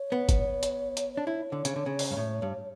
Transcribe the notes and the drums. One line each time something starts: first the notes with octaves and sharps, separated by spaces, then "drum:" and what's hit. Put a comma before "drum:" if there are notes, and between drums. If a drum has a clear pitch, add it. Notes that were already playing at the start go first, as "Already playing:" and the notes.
Already playing: C#5
B3
drum: kick, hi-hat
drum: hi-hat
drum: hi-hat
D4 C#5
E4
D3
C#3, drum: hi-hat
D3
C#3
drum: open hi-hat
G2
A2
G2